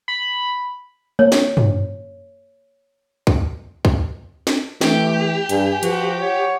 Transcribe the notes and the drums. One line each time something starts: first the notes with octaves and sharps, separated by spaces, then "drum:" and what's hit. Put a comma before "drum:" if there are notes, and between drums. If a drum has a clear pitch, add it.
B5
A#3 C#5
drum: snare
drum: tom
drum: kick
drum: kick
drum: snare
E3 A3 G4, drum: snare
G2 G#5, drum: hi-hat
F3 F#4 B4, drum: hi-hat
C#5 F#5